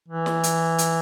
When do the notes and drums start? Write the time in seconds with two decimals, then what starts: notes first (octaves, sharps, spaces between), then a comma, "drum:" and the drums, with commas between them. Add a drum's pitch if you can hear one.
0.08 E3
0.26 drum: snare
0.43 drum: hi-hat
0.78 drum: hi-hat